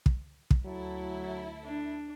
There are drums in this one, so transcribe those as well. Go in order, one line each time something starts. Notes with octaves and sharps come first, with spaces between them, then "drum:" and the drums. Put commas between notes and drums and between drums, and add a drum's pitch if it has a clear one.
drum: kick
drum: kick
D2 F#3 E4 A4
D4